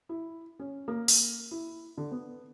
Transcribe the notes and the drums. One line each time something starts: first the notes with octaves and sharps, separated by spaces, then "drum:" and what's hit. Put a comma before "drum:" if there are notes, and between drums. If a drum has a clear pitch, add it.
E4
C#4
A#3
drum: open hi-hat
E4
D3
B3